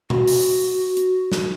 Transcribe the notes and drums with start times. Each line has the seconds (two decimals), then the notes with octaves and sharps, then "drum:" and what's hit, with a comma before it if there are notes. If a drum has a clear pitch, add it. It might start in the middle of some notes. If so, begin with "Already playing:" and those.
0.10 F#4, drum: tom
0.28 drum: open hi-hat
0.97 drum: hi-hat
1.32 drum: snare